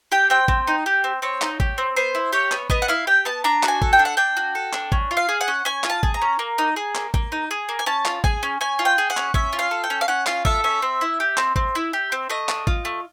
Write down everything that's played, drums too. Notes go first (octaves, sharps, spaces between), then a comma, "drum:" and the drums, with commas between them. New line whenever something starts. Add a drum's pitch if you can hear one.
G4 G5
C4 G5
C4, drum: kick A1
D#4
G4
C4
C4 C#5
D#4, drum: clap
G4, drum: kick A1
C4
B3 C5
E4
G4 C#5
B3, drum: clap
B3 D#5, drum: kick A1
F#5
E4 F5
G4 G5
B3 A5
D4 A#5
F#4, drum: clap
G#5
A4, drum: kick A1
G5
D4
F#5
D4 G5
F#4
A4
D4, drum: clap
C#4, drum: kick A1
F4
F5
G#4
F#5
C#4
C#4 G#5
F4, drum: clap
A5
G#4, drum: kick A1
A#5
C#4
A#3
D#4
G#4
A#3, drum: clap
A#3, drum: kick A1
D#4
G#4
A#3
G#5
C#4 A5
F4, drum: clap
G#4 G#5, drum: kick A1
C#4
C#4 G#5
F4
G5
G#4
F#5
C#4, drum: clap
C#4 E5, drum: kick A1
F4
F5
A4
G5
C#4
F5
C#4 F#5
F4 F5, drum: clap
A4 E5, drum: kick A1
C#4 E5
C4
E4
G4
C4, drum: clap
C4, drum: kick A1
E4
G4
C4
A3 D#5
D4, drum: clap
F4, drum: kick A1
A3